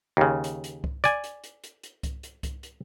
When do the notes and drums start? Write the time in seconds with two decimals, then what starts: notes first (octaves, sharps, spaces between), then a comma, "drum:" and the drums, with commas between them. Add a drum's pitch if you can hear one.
0.17 D#2 C#3
0.44 drum: hi-hat
0.64 drum: hi-hat
0.84 drum: kick C2
1.04 D5 G#5, drum: hi-hat
1.24 drum: hi-hat
1.44 drum: hi-hat
1.64 drum: hi-hat
1.84 drum: hi-hat
2.03 drum: kick C2, hi-hat
2.23 drum: hi-hat
2.43 drum: kick C2, hi-hat
2.63 drum: hi-hat